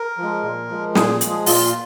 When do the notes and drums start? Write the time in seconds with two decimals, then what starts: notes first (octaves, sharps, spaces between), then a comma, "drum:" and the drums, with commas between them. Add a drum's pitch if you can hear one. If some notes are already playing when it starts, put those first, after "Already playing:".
Already playing: A#4
0.18 F3 G#3
0.43 A#2
0.69 F3 G#3
0.95 A#2 G#4, drum: snare
1.21 F3 G#3, drum: hi-hat
1.30 G#4
1.46 A#2 F4, drum: open hi-hat